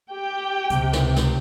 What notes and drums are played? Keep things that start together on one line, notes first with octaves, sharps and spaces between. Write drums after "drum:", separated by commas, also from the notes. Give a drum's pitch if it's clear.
G4 G5
C#2 C3, drum: hi-hat
drum: snare
drum: snare